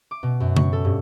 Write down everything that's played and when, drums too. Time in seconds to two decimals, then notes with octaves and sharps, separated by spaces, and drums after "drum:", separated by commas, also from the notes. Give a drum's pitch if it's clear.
0.11 D6
0.23 B2
0.40 F#2
0.57 C#6, drum: tom C#3
0.73 A4
0.85 G2